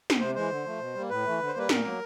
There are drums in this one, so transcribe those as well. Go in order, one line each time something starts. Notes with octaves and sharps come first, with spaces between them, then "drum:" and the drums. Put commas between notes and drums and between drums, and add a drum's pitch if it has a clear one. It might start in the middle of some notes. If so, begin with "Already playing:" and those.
drum: snare
C3 C5
E3 G#3 C5
D3
F3 A3
B2
G3 A#3
A2 B4
E3 A3
D3
C5
G3 A#3 B4
A#2 A#4, drum: snare
F#3 A#3